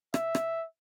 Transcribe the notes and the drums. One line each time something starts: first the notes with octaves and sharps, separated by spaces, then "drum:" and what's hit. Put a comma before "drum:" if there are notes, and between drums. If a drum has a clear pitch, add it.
E5, drum: rim click
drum: rim click